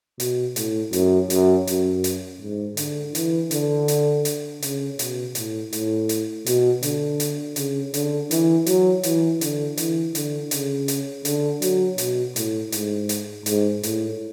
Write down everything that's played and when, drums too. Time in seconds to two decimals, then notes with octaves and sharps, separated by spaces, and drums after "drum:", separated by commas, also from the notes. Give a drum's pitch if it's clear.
0.20 B2, drum: hi-hat
0.56 A2, drum: hi-hat
0.93 F#2, drum: hi-hat
1.30 F#2, drum: hi-hat
1.67 F#2, drum: hi-hat
2.04 drum: hi-hat
2.41 G#2
2.77 D3, drum: hi-hat
3.15 E3, drum: hi-hat
3.51 D3, drum: hi-hat
3.88 drum: hi-hat
4.25 drum: hi-hat
4.62 C#3, drum: hi-hat
4.99 B2, drum: hi-hat
5.35 A2, drum: hi-hat
5.73 A2, drum: hi-hat
6.09 drum: hi-hat
6.46 B2, drum: hi-hat
6.83 D3, drum: hi-hat
7.20 drum: hi-hat
7.56 C#3, drum: hi-hat
7.94 D3, drum: hi-hat
8.31 E3, drum: hi-hat
8.66 F#3, drum: hi-hat
9.03 E3, drum: hi-hat
9.41 D3, drum: hi-hat
9.77 E3, drum: hi-hat
10.15 D3, drum: hi-hat
10.51 C#3, drum: hi-hat
10.88 drum: hi-hat
11.25 D3, drum: hi-hat
11.62 F#3, drum: hi-hat
11.98 B2, drum: hi-hat
12.36 A2, drum: hi-hat
12.72 G#2, drum: hi-hat
13.09 drum: hi-hat
13.46 G#2, drum: hi-hat
13.83 A2, drum: hi-hat